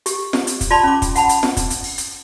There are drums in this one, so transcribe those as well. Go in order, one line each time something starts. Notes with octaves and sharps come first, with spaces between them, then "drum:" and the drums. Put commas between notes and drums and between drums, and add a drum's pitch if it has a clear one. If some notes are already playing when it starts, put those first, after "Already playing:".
G4, drum: hi-hat
drum: snare F4
drum: hi-hat
drum: kick, hi-hat
F4 D5 A5 B5 C6
C#4 D6
drum: kick, hi-hat
F#5 A5 B5, drum: hi-hat
drum: hi-hat
drum: snare F4
drum: kick, hi-hat
drum: hi-hat
drum: open hi-hat
drum: hi-hat